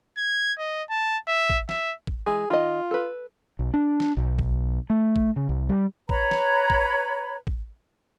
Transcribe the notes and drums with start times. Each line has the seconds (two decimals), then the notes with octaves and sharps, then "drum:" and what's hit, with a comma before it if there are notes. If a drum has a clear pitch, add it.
0.17 G#6
0.59 D#5
0.90 A5
1.27 E5
1.50 drum: kick A1
1.69 E5, drum: snare
2.07 drum: kick A1
2.26 E3 G#3 G#4
2.50 D#3 F4 D#5
2.91 A4 B4
3.59 B1
3.74 D4
4.00 drum: snare
4.17 B1
4.39 drum: kick A1
4.90 A3
5.16 drum: kick A1
5.36 C#3
5.49 C2
5.69 G3
6.09 B4 C#5 A#5 B5, drum: kick A1
6.31 drum: snare
6.70 drum: kick A1
7.47 drum: kick A1